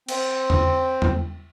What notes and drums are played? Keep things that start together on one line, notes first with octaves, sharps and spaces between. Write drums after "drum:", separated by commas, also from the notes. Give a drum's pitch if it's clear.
C4, drum: cymbal
drum: tom E2
drum: tom E2